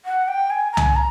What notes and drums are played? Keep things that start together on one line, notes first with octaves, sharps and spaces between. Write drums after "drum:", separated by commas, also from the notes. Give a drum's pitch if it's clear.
F#5
G5
G#5
A#5
G#5, drum: tom C2
A#5